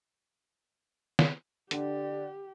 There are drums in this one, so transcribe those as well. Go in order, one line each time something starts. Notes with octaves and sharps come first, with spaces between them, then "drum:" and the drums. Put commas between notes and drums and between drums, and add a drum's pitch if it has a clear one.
drum: snare
D3 G4 D5, drum: hi-hat